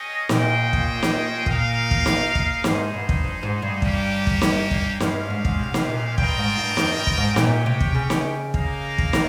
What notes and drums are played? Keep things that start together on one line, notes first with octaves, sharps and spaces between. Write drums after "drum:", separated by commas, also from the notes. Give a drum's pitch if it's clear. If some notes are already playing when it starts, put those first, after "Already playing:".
Already playing: C#4 G#4 D#5 G5
A#2 C#4 G#4 C5 D#5 G5, drum: snare
drum: kick
drum: snare
A#2 D#4 A#4 F5, drum: kick
drum: kick
drum: snare
drum: kick
G#2 D#4 G#4 C5, drum: snare
G2
drum: kick
F2
G#2
G2
A#3 C#4 G4, drum: kick
drum: kick
drum: snare
drum: kick
G2 G#3 C#4 G4 C5 F5, drum: snare
G#2
drum: kick
C3
drum: snare
A#2
G2 C4 F4 A#4 D#5 G5, drum: kick
G#2
G2
F2, drum: snare
G2
drum: kick
G#2
A#2 C#4 G4 C#5 G5, drum: snare
C3
drum: kick
C#3
drum: snare
A#3 D#4 A#4 F5, drum: kick
drum: kick
D#3, drum: snare